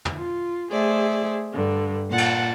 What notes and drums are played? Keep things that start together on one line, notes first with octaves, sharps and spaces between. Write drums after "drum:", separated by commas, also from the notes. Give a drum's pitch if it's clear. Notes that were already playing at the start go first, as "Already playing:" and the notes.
drum: tom
F4
A3 G#4 C5 D5 E5
G2 D3
A#2 F#5 A5
drum: cymbal